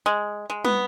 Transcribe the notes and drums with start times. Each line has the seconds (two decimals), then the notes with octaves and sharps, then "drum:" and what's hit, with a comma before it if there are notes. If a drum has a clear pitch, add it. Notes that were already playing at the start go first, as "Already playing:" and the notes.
0.06 G#3
0.50 G#3
0.65 B3, drum: tom